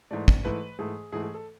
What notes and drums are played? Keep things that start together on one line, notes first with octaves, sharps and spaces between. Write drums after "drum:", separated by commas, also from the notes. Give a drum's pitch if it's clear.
G#2 E3 A3 D5
drum: kick
G#2 E3 A3 B4
G#2 E3 A3 G#4
G#2 E3 A3 G#4
G#4
A4